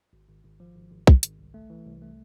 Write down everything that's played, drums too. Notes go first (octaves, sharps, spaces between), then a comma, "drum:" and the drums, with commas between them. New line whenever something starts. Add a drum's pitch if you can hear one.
G#1
G#1
G#1
F3
G#1
G#1
G#1, drum: kick
G#1, drum: hi-hat
C2
A3
E3
C2
A3